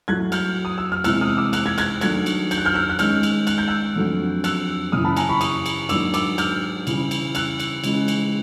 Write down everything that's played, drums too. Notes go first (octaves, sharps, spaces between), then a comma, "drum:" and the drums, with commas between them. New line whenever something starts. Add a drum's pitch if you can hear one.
A2 F#3 A3 F#6 G#6
F6 G6, drum: cymbal
D#6
E6
F6
E2 C3 E3 G#3 C4 E6 F#6, drum: cymbal
D#6 F6
D6 E6
E6 F#6, drum: cymbal
F#6 G#6
F#6 G#6, drum: cymbal
D#3 F#3 A3 D4 F#6 G#6, drum: cymbal
drum: cymbal
G6, drum: cymbal
F#6
F6 G6
E6 F#6
F#6
D#3 G#3 C#4 F6 G6, drum: cymbal
drum: cymbal
F#6, drum: cymbal
G6
E6 F#6
F2 D3 F#3 A3
E6 F#6, drum: cymbal
F#2 C#3 E3 D#6 F6
A5 B5
G#5 A#5, drum: cymbal
B5 C#6
C#6 D#6, drum: cymbal
drum: cymbal
G#2 D#3 F#3 A#3 D4 D6 E6, drum: cymbal
D6 E6, drum: cymbal
F6 G6, drum: cymbal
C#3 E3 G3, drum: cymbal
drum: cymbal
E6 F#6, drum: cymbal
drum: cymbal
C#3 E3 G#3 C#4, drum: cymbal
drum: cymbal